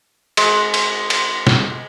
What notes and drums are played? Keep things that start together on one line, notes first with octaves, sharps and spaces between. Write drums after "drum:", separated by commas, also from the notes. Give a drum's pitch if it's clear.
G#3, drum: cymbal
drum: cymbal
drum: cymbal
drum: snare